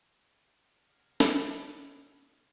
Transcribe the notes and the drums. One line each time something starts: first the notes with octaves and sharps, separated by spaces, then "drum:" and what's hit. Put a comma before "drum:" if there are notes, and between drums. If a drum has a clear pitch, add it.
C3 G#4 F#5 F6 G#6 A#6
drum: snare